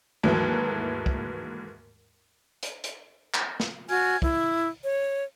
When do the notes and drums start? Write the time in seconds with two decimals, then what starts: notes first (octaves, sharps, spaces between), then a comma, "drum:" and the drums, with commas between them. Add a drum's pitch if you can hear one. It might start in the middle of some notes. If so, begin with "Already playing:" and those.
0.23 D#2 G#2 E3 F#3 A3
1.06 drum: kick
2.63 drum: hi-hat
2.84 drum: hi-hat
3.34 drum: clap
3.60 drum: snare
3.89 F#4 G#5 F6 G#6, drum: open hi-hat
4.22 E4, drum: kick
4.84 C#5